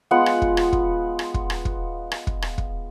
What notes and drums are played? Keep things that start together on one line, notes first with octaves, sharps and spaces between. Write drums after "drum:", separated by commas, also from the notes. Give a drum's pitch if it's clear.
G#3 B3 F4 F#5
drum: rim click
drum: kick
drum: rim click
drum: kick
drum: rim click
drum: kick
drum: rim click
drum: kick
drum: rim click
drum: kick
drum: rim click
drum: kick